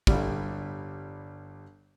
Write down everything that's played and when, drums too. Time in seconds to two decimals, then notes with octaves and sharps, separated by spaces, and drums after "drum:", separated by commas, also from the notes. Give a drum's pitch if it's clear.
0.07 G1 G3, drum: kick